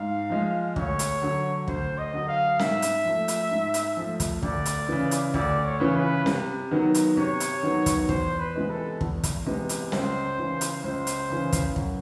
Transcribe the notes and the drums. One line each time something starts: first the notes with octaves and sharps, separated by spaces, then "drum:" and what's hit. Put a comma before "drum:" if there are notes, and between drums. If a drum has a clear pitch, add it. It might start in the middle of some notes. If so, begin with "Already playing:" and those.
Already playing: G#2 F5
F3 G#3
D2 C#5, drum: kick
drum: hi-hat
D3 F#3
D2 C5, drum: kick
D#5
D3 F#3
F5
G#2 E5, drum: snare
drum: hi-hat
F3 A3
drum: hi-hat
G#2
drum: hi-hat
F3 A3
drum: kick, hi-hat
D2 D5, drum: kick
drum: hi-hat
C#3 E3
drum: hi-hat
D2 D5, drum: kick
C#5
C#3 E3
B4
C3, drum: snare
D#3 F#3 B3
drum: hi-hat
C3 C#5
drum: hi-hat
D#3 F#3 B3
drum: kick, hi-hat
E2 C5, drum: kick
B4
C3 E3 G#3 B3
A4
E2, drum: kick
drum: kick, hi-hat
C3 E3 G#3 B3
drum: hi-hat
C#2 C5, drum: snare
C#3 E3
drum: hi-hat
C#2 C5
drum: hi-hat
C#3 E3
drum: kick, hi-hat
F#2, drum: kick